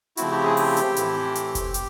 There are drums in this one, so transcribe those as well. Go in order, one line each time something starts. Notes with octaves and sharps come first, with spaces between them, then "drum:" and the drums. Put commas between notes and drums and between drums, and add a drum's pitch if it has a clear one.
C#3 F3 A3 C4 E4 F#4, drum: hi-hat
G4
G#4
G4, drum: open hi-hat
drum: hi-hat
A2 E3 A3 C4 E4, drum: hi-hat
drum: hi-hat
drum: kick F1, hi-hat
G4, drum: hi-hat